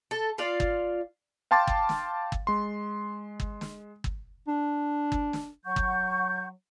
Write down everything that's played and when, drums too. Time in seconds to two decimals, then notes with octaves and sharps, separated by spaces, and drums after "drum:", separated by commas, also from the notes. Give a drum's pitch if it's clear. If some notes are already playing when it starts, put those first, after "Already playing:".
0.11 A4
0.38 F4 D5 F5
0.60 drum: kick
1.51 F5 G5 A5 C6 D6 A6
1.67 drum: kick
1.89 drum: snare
2.32 drum: kick
2.47 G#3 C6
3.40 drum: kick
3.61 drum: snare
4.04 drum: kick
4.48 D4
5.12 drum: kick
5.33 drum: snare
5.65 F#3 F#5 C#6 G6
5.76 drum: kick